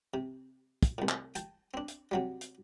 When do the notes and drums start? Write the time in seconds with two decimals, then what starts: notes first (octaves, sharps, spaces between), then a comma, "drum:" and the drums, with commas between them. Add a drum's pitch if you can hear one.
0.14 C3
0.83 drum: kick, hi-hat
0.98 C2 A2
1.09 drum: clap
1.35 G5 A5, drum: hi-hat
1.74 C4 D4
1.88 drum: hi-hat
2.11 C3 F#3 G3
2.41 drum: hi-hat